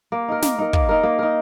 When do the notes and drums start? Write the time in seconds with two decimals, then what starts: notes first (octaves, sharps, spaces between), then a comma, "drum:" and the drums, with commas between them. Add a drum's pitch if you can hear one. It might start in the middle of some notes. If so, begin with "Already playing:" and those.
0.12 A#3
0.28 D#4 A#4
0.42 A#3, drum: snare
0.58 D#4 A#4
0.73 A#3, drum: kick
0.89 D#4 A#4
1.03 A#3
1.19 D#4 A#4